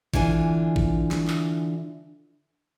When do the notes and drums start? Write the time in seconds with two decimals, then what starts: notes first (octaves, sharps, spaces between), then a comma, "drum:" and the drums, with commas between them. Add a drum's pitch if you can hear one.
0.14 D3 E3 D4 F4 G#5, drum: kick A1
0.76 drum: kick A1
1.11 drum: snare
1.28 drum: clap